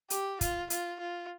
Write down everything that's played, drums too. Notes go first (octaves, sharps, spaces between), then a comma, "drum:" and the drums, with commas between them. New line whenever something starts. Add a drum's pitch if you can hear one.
G4, drum: hi-hat
F4, drum: kick, hi-hat
F4, drum: hi-hat
F4